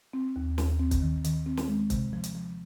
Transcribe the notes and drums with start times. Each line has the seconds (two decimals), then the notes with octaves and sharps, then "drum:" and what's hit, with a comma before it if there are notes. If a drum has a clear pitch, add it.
0.13 C4
0.36 D#2
0.58 D#2, drum: snare
0.80 C4
0.91 drum: kick, hi-hat
1.02 D#3
1.24 D#3, drum: hi-hat
1.46 C4
1.57 drum: snare
1.68 G#3
1.90 C3, drum: kick, hi-hat
2.13 F3
2.24 drum: hi-hat
2.35 F3